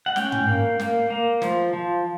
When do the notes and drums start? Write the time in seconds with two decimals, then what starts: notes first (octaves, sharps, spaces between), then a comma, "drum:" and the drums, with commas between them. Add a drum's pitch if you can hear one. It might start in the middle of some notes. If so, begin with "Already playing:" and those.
0.06 F#5
0.16 C#4 G5, drum: snare
0.32 drum: tom
0.47 A#3
0.80 A#3, drum: snare
1.10 A#3
1.42 F3, drum: snare
1.73 F3